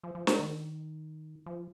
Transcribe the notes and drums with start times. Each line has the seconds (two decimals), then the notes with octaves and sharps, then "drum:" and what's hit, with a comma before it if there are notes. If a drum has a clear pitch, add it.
0.03 F3
0.15 F3
0.27 drum: snare
0.39 D#3
1.46 F3